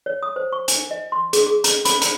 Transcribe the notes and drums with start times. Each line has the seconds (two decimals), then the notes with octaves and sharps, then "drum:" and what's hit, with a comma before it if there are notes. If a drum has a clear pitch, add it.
0.06 C#5
0.23 D#6
0.36 C5
0.52 C#6
0.68 G#5, drum: hi-hat
0.91 D#5
1.12 C6
1.33 G#4, drum: hi-hat
1.46 G#4
1.64 A#5, drum: hi-hat
1.85 B5, drum: hi-hat
2.02 A#5, drum: hi-hat